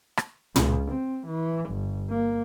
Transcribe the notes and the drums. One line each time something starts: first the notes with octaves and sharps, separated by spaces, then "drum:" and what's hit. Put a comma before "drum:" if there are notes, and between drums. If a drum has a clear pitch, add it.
drum: rim click
C#2, drum: tom
C4
E3
G1
A#3